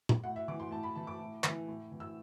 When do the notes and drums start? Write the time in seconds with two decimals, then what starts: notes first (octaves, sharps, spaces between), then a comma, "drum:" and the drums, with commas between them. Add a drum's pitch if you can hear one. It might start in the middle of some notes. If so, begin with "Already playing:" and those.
0.09 drum: tom
0.24 A2 F#5
0.36 E5
0.48 E3 D6
0.60 C6
0.71 A2 A5
0.83 B5
0.95 E3 A5
1.07 D6
1.20 A2
1.44 E3, drum: clap
1.68 A2
1.92 E3
2.00 E6